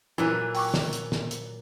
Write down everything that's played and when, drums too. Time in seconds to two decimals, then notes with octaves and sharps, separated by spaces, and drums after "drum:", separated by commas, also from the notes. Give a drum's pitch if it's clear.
0.18 A#2 E3 F#3 B4
0.55 G5 C#6 D6, drum: open hi-hat
0.74 drum: snare
0.93 drum: hi-hat
1.12 drum: snare
1.31 drum: hi-hat